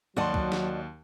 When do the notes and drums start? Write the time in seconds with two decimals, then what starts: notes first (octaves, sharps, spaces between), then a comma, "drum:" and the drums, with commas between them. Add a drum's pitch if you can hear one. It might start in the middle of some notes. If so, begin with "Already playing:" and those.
0.17 D#2 F#3 F#4 D5 D#5 A5 C6
0.34 drum: kick
0.52 drum: snare